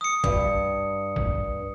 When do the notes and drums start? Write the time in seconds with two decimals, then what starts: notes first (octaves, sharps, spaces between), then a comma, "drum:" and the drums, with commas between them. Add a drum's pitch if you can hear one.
0.01 D#6 C#7
0.24 G2, drum: kick G1
1.16 drum: kick G1